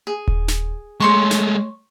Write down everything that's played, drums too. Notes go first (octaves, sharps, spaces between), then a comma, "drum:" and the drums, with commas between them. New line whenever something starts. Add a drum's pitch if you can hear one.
G#4
drum: kick D#1
drum: snare
G#3 A3 C#5 C6 C#6
drum: snare